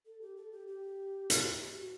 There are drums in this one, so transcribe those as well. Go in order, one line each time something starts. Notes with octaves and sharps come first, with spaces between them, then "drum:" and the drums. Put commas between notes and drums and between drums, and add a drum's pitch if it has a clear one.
A4
G4
A4
G4
G4
F#4, drum: hi-hat
G4
F#4